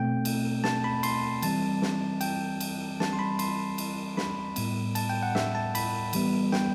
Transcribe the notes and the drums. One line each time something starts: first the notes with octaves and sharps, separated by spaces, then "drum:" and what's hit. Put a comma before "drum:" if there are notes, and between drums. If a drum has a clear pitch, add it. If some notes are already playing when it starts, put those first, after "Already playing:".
Already playing: B2 A3 C4 G5
drum: cymbal
A5, drum: snare
B5
C6, drum: cymbal
E3 G3 C4 A5, drum: cymbal
drum: snare
G5, drum: cymbal
drum: cymbal
E3 G3 C4 A5, drum: snare
C6
B5
C6, drum: cymbal
drum: cymbal
B5, drum: snare
A2 G3 B3, drum: cymbal
A5, drum: cymbal
G5
F#5
E5, drum: snare
A5
B5, drum: cymbal
E3 G3 B3, drum: cymbal
G5, drum: snare